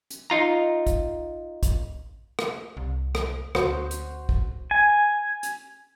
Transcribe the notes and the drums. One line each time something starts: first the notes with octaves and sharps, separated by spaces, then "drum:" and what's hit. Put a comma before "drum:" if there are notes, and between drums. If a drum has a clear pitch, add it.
drum: hi-hat
D#4 F4 A#5
drum: kick, hi-hat
drum: kick, hi-hat
drum: rim click
C2
drum: rim click
D2 F#4 C5, drum: rim click
drum: hi-hat
drum: kick
G#5
drum: hi-hat